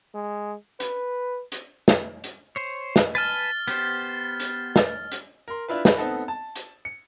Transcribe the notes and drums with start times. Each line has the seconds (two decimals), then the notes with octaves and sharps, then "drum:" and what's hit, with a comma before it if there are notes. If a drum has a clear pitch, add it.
0.15 G#3
0.80 B4, drum: hi-hat
1.52 drum: hi-hat
1.88 drum: snare
2.24 drum: hi-hat
2.56 C5 C#5
2.96 drum: snare
3.15 B4 G#5 A5 F6 A6
3.68 B3 G4 C5, drum: hi-hat
4.40 drum: hi-hat
4.76 drum: snare
5.12 drum: hi-hat
5.48 A#4 C6
5.69 D4 E4 F4 B4
5.85 B4, drum: snare
5.98 B3 C4 D#4 A4
6.28 A5
6.56 drum: hi-hat
6.85 C#7